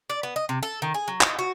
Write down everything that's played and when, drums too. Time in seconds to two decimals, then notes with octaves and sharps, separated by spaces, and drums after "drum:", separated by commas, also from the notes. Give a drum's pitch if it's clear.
0.10 D5
0.23 B3
0.36 D#5
0.49 C3
0.63 A4
0.82 D#3
0.94 G#4
1.08 F#3
1.21 D#5, drum: clap
1.39 F#4